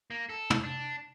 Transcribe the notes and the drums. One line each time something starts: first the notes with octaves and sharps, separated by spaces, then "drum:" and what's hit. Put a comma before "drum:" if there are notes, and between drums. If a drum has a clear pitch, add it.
A#3
A4
drum: tom
D4